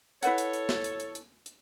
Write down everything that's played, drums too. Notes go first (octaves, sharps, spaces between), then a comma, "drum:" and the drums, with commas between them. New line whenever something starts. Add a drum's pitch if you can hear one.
E4 A4 B4 C#5 F#5, drum: hi-hat
drum: hi-hat
drum: hi-hat
drum: snare
drum: hi-hat
drum: hi-hat
drum: hi-hat
drum: hi-hat